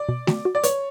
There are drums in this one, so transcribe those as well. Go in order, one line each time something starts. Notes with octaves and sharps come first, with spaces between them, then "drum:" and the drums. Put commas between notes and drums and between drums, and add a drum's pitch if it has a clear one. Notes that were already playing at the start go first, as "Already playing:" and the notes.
Already playing: D5
B2
F#4, drum: snare A3
F#4
D5
B4 C#5, drum: hi-hat